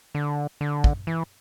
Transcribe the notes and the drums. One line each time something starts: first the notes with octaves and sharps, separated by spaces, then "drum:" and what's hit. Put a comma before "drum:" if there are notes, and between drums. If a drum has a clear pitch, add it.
D3
D3
drum: kick
E3